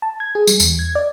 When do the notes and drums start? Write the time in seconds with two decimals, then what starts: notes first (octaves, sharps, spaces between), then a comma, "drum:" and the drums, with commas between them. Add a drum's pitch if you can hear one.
0.02 A5
0.20 G#6
0.35 G#4
0.47 G3, drum: tambourine
0.60 E2, drum: tambourine
0.79 G#6
0.95 D5